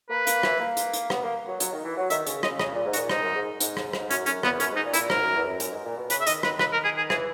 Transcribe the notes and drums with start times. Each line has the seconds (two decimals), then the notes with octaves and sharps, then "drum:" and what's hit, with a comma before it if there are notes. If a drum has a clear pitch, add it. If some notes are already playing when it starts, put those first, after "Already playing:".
0.10 A#3 B4
0.27 A#3, drum: hi-hat
0.43 E3, drum: rim click
0.60 A#3
0.77 drum: hi-hat
0.93 drum: hi-hat
1.10 B3, drum: rim click
1.23 A#3
1.48 F#3
1.60 F#3, drum: hi-hat
1.73 D#3
1.85 E3
1.98 F#3
2.10 D#3 E5, drum: hi-hat
2.27 C#3, drum: hi-hat
2.43 C#3 D#5, drum: rim click
2.59 C#3 D#5, drum: rim click
2.72 A#2
2.85 G#2
2.93 F#4, drum: hi-hat
2.98 A#2
3.09 G#2 D#4, drum: rim click
3.23 F#2
3.35 G#2
3.60 G#2, drum: hi-hat
3.77 drum: rim click
3.93 drum: rim click
4.11 F#2 C#4, drum: hi-hat
4.26 F#2 C#4, drum: hi-hat
4.43 E2 B3, drum: rim click
4.60 F#2 C#4, drum: hi-hat
4.72 G#2 D#4
4.85 A#2
4.94 E4, drum: hi-hat
4.98 A#2
5.10 G#2 A#4, drum: rim click
5.22 F#2
5.35 E2
5.47 F#2
5.60 F#2, drum: hi-hat
5.72 G#2
5.85 A#2
5.98 B2
6.10 C#3 B4, drum: hi-hat
6.21 E5
6.27 D#3 D#5, drum: hi-hat
6.43 D#3 B4, drum: rim click
6.59 B4, drum: rim click
6.73 A#4
6.84 G#4
6.98 G#4
7.10 E3 G#4, drum: rim click